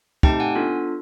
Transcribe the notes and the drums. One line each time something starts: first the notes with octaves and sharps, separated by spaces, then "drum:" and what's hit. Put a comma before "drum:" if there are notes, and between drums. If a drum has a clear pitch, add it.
A3 C4 D#4 G4 G5 A5, drum: kick
F#5 G#5
B3 D4 F4 A4